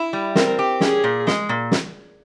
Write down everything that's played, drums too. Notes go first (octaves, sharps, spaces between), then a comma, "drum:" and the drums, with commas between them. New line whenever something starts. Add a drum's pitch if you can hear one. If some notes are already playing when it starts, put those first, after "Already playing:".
Already playing: E4
G3
C4 A#4, drum: snare
G4
C#4 G#4, drum: snare
A#2
G#3, drum: snare
A#2
drum: snare